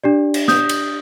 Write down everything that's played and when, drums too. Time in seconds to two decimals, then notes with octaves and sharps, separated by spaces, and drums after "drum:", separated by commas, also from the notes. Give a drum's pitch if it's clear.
0.04 D4 G4 D5
0.34 drum: cymbal
0.48 D#6 G6, drum: snare
0.69 drum: cymbal